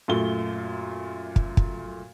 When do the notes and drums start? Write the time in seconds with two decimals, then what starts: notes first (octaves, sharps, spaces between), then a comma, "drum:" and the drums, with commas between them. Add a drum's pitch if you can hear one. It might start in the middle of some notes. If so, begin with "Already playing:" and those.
0.08 F#2 A#2 A3 G7
1.36 drum: kick
1.57 drum: kick